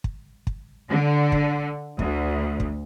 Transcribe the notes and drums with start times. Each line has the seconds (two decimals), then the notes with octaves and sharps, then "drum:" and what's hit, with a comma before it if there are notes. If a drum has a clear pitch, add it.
0.04 drum: kick
0.47 drum: kick
0.89 D3
1.32 drum: kick
1.99 D2, drum: kick
2.60 drum: kick